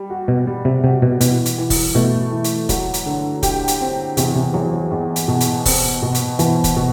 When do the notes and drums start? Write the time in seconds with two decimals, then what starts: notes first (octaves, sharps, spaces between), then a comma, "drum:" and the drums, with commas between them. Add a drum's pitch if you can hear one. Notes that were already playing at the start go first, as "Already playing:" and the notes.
Already playing: G3
0.10 F#4
0.28 B2
0.47 G3
0.65 C3
0.84 C3 F#4
1.02 B2
1.21 B2 E3, drum: hi-hat
1.46 drum: hi-hat
1.58 E3
1.70 drum: kick, open hi-hat
1.95 B2 A3
2.32 E3
2.44 drum: hi-hat
2.69 F#3, drum: kick, hi-hat
2.94 drum: hi-hat
3.06 D3
3.43 G4, drum: kick, hi-hat
3.68 drum: hi-hat
3.81 C4
4.17 E2 C3, drum: hi-hat
4.36 C3
4.53 E2 F#3
4.73 F#3
4.91 E2
5.16 drum: hi-hat
5.28 B2
5.40 drum: hi-hat
5.65 C4, drum: kick, open hi-hat
6.02 B2
6.15 drum: hi-hat
6.39 B2 E3, drum: hi-hat
6.64 drum: kick, hi-hat
6.76 B2